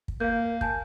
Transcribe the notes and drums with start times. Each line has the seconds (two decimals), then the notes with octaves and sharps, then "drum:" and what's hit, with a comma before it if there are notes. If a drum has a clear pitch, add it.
0.08 drum: kick
0.20 A#3 F5 G6
0.61 G#5 A5 G6, drum: kick